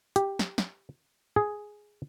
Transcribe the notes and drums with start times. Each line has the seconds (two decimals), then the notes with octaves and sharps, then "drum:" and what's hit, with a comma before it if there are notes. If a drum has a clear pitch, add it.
0.16 G4, drum: hi-hat
0.39 drum: snare
0.58 drum: snare
1.36 G#4